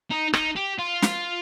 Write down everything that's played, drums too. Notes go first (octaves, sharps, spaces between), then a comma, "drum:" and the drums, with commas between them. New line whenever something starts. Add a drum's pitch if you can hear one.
D#4
D#4, drum: rim click
G4
F4
drum: snare